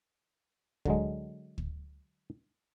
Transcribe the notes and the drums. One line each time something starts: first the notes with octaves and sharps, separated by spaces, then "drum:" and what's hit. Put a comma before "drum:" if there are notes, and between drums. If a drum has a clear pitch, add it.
D3 F#3 G#3, drum: kick
drum: kick